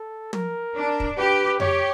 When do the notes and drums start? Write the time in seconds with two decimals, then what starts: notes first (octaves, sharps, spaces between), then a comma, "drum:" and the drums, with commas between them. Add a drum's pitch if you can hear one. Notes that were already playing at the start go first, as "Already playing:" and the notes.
Already playing: A4
0.33 A#4, drum: tom
0.76 D4
1.00 drum: kick
1.17 G4 B4
1.60 G4 C#5, drum: tom F2